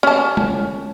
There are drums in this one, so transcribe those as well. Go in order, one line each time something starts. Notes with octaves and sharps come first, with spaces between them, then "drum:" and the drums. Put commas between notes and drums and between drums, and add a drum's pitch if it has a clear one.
C#4 A5
drum: tom